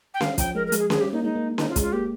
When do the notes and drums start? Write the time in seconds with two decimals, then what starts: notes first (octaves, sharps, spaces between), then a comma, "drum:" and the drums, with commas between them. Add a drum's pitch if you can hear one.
0.14 G5
0.21 G3 F5, drum: snare C#4
0.38 F3 G5, drum: kick, hi-hat
0.55 G#3 A#4
0.67 A#4
0.72 G#3, drum: hi-hat
0.79 G#4
0.90 F3 G#4, drum: snare C#4
1.01 G3 G4
1.13 A#3 D#4
1.24 G#3 D#4
1.35 A#3
1.58 A#3 D#4, drum: snare C#4
1.70 F4
1.76 G#3, drum: kick, hi-hat
1.81 F4
1.93 A#3 G4